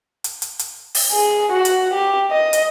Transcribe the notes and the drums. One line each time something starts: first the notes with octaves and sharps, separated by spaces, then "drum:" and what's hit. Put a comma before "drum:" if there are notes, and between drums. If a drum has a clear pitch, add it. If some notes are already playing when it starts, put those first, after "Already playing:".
drum: hi-hat
drum: hi-hat
drum: hi-hat
drum: open hi-hat
G#4
F#4
drum: hi-hat
G4
D#5
drum: hi-hat